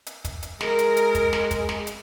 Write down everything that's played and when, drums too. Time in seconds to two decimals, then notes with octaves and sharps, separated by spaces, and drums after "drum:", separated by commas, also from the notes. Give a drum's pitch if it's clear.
0.06 drum: hi-hat
0.25 drum: kick, hi-hat
0.43 drum: hi-hat
0.61 G#3 A#4, drum: snare
0.79 drum: hi-hat
0.97 drum: hi-hat
1.15 drum: kick, hi-hat
1.33 drum: snare
1.51 drum: kick, hi-hat
1.69 drum: snare
1.87 drum: hi-hat